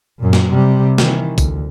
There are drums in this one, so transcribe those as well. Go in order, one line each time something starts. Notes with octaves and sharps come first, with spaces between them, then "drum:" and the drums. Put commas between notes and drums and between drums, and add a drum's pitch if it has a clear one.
F#2 A#2
drum: snare
C3 G3
D#3 E3, drum: snare
D2, drum: kick A#1, tambourine